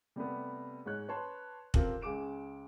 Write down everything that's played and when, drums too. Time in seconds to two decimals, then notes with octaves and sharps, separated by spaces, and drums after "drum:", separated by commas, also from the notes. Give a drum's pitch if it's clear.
0.16 C3 G3 A3 B3
0.86 G#2 C#5 F#6
1.08 B4 C#5 A5 C6
1.74 C4 F4 G4 A4 A#4, drum: kick
2.01 C#2 G#4 D6 D7 E7